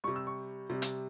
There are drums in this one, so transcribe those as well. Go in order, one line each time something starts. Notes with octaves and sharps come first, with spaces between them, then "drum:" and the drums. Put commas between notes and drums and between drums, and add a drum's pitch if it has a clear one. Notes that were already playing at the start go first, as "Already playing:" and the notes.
C3 G3 C#6
E6
C#6
C3 G3
drum: hi-hat